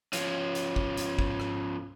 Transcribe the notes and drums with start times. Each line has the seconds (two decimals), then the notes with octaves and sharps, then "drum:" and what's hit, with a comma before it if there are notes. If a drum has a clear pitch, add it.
0.13 F3 C#4, drum: hi-hat
0.55 drum: hi-hat
0.76 drum: kick
0.97 drum: hi-hat
1.19 drum: kick
1.40 drum: rim click